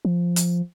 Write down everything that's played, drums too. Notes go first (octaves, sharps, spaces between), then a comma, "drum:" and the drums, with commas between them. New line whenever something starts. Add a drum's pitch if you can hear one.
F3
drum: hi-hat